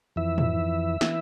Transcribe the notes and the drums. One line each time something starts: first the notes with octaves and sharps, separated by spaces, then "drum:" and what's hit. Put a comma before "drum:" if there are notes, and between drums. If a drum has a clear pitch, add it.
F2 E3 E5
drum: tom
E3, drum: snare